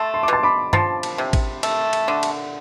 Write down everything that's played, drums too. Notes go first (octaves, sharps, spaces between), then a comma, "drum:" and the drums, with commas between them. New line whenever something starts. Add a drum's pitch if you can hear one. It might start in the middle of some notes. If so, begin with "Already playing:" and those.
Already playing: A3 A5 C6
C6
D6
B2 A5 C6
B5 D6
F3 A5 C6, drum: tom G2
drum: cymbal
C3
drum: kick, cymbal
A3, drum: cymbal
drum: cymbal
D3
drum: cymbal